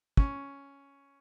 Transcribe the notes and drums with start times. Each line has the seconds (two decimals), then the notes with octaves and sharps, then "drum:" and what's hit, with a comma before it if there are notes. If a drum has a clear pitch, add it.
0.17 C#4, drum: kick